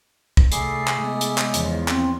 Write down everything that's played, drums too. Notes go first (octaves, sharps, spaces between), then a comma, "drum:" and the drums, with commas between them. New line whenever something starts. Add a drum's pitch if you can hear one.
drum: kick
C3 A3 E4 G#4 D5 C7, drum: hi-hat
drum: clap
C3 G#3 B3
drum: hi-hat
drum: clap
E2 C#3 F3, drum: hi-hat
C4 C6, drum: clap